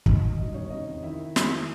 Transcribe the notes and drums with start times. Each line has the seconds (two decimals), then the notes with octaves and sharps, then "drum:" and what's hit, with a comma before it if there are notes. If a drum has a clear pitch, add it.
0.06 F#2 D#4 D#5, drum: kick
0.21 F#2
0.38 G2 D#4 D#5
0.54 D#3 C#4 C#5
0.70 C3 D#4 D#5
0.87 F2
1.03 D#3 E4 E5
1.36 drum: snare